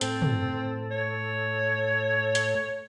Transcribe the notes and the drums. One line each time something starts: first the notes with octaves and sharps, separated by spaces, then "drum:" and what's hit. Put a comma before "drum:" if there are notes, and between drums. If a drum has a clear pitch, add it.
A2 C4 A4, drum: hi-hat
drum: tom
C#5
drum: hi-hat